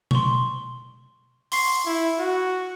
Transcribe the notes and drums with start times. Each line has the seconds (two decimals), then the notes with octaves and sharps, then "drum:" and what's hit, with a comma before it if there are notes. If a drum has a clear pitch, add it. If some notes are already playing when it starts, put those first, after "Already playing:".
0.11 C6 C#6, drum: tom B2
1.52 C6 C#6 C7, drum: open hi-hat
1.86 E4
2.19 F#4